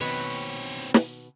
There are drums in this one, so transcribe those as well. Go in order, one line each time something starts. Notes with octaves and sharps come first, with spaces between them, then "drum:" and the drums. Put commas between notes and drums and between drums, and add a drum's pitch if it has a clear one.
B2 D#3 C4 B4 C#5
drum: snare